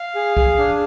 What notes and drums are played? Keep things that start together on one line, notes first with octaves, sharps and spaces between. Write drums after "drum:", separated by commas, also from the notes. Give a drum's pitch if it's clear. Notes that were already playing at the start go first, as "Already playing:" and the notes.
Already playing: F5
G#4
G#4, drum: kick
D4